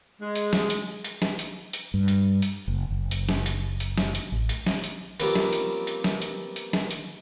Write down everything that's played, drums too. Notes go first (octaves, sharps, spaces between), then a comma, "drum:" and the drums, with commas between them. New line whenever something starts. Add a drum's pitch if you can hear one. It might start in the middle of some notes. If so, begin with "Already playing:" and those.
G#3
drum: hi-hat
drum: snare
drum: hi-hat
drum: hi-hat
drum: snare
drum: hi-hat
drum: hi-hat
G2
drum: hi-hat
drum: hi-hat
F#1
F#1
drum: hi-hat
drum: snare
drum: hi-hat
drum: hi-hat
drum: snare
drum: hi-hat
A1
drum: hi-hat
drum: snare
drum: hi-hat
F3 G3 A#3 C4 C#4 B4, drum: hi-hat
drum: snare
drum: hi-hat
drum: hi-hat
drum: snare
drum: hi-hat
drum: hi-hat
drum: snare
drum: hi-hat